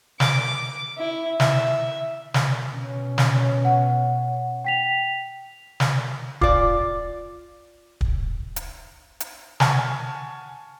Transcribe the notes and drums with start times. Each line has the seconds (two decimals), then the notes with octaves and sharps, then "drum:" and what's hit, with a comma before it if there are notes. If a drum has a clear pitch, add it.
0.20 D6, drum: snare
0.98 E4
1.40 E5, drum: snare
2.34 drum: snare
2.67 B2 C#4
3.18 drum: snare
3.65 F#5
4.65 G5 B6 F7
5.80 drum: snare
6.41 F4 D5 D6, drum: kick
8.01 drum: kick
8.56 drum: hi-hat
9.20 drum: hi-hat
9.60 F#5 G#5 A5 C#6 F6, drum: snare